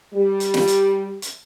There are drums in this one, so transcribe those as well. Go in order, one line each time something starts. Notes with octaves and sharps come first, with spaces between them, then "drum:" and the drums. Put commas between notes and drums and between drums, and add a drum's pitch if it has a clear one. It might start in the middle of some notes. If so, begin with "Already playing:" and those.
G3
drum: hi-hat
drum: snare
drum: hi-hat
drum: hi-hat